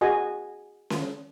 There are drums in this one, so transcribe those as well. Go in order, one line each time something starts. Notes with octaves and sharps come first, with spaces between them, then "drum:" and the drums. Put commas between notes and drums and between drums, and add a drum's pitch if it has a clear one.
F#4 G#4 D#5 G#5
drum: snare C#4